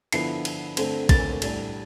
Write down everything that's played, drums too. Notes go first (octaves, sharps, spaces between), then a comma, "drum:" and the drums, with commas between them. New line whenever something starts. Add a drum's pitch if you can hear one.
D3 F3 B3 E4 C7, drum: cymbal
drum: cymbal
D3 A3 C4, drum: cymbal
A6, drum: kick, cymbal
A2 G3 D4, drum: cymbal